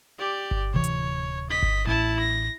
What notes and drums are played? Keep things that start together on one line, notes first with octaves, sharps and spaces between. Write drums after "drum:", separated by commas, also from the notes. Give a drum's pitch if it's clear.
G4 D5
drum: kick G1
D1 C3 E3 C#5
drum: hi-hat
D#5 B6
drum: kick G1
A1 E4 A5
A#6